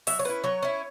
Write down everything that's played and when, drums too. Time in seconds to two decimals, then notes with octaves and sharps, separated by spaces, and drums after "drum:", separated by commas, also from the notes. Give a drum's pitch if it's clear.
0.07 F#3 E5, drum: open hi-hat
0.19 C#5
0.25 C#4 E4 B4
0.44 F#3 C#5
0.62 C#4 E4